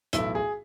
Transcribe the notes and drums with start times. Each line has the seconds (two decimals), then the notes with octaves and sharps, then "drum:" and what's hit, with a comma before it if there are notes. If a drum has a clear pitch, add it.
0.13 B1 A2 E3 A3 E4, drum: hi-hat
0.35 G#4